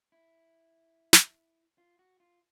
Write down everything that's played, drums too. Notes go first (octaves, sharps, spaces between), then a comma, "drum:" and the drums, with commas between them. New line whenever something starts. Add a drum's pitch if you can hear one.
E4
drum: snare
F4
F#4
F4